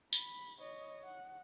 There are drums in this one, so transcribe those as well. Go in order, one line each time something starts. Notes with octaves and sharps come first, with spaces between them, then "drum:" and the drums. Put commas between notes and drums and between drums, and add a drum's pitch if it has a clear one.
B5, drum: tambourine
C#5 D#5
F#5